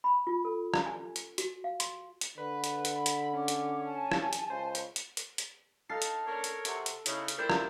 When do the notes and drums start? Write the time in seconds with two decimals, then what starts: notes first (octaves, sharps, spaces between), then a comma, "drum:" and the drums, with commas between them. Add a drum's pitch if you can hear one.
0.04 B5
0.27 F4
0.45 A4
0.74 drum: rim click
0.86 G#5
1.16 drum: hi-hat
1.38 F#4, drum: hi-hat
1.64 F5
1.80 C6, drum: hi-hat
2.21 drum: hi-hat
2.38 D3 B4
2.64 drum: hi-hat
2.85 drum: hi-hat
2.96 B5
3.06 drum: hi-hat
3.34 C#4 D6
3.48 drum: hi-hat
3.85 G#5 A5
4.12 drum: rim click
4.33 drum: hi-hat
4.50 C#2 C5
4.75 drum: hi-hat
4.96 drum: hi-hat
5.17 drum: hi-hat
5.38 drum: hi-hat
5.90 D#4 A4 F5 F6 A6 C7
6.02 drum: hi-hat
6.26 A#3 C#4 D4 A#4 C#5
6.44 drum: hi-hat
6.65 C3 F#4, drum: hi-hat
6.86 drum: hi-hat
7.06 C#3 D#4 E4, drum: hi-hat
7.28 drum: hi-hat
7.38 C4 E4 A#4 C5 D5 E5 G6
7.50 drum: rim click